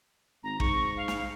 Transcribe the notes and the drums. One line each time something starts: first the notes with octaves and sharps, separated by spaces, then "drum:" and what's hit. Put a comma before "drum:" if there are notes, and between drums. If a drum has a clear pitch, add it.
G#1 A#5
G#2 C#6, drum: kick
F5
drum: snare